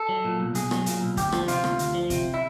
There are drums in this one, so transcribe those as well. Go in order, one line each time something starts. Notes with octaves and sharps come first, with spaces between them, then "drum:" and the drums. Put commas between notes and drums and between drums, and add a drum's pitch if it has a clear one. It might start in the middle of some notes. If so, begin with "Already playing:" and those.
Already playing: A4
F#3
A#2
B1
B1 G#4, drum: hi-hat
F#3, drum: rim click
A#2, drum: hi-hat
B1
D2 G4, drum: kick, hi-hat
F3, drum: rim click
C3 F4, drum: hi-hat
D2, drum: rim click
D2, drum: hi-hat
F3
C3, drum: kick, hi-hat
E4